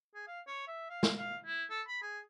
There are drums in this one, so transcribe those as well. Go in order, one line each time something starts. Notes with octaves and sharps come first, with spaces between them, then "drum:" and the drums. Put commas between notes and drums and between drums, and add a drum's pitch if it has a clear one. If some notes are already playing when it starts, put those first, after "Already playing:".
G#4
F5
C#5
E5
F5
drum: snare
F5
E4
A4
B5
G#4